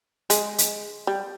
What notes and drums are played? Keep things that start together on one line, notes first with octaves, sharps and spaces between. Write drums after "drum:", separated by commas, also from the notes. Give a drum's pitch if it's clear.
G#3, drum: hi-hat
drum: hi-hat
G3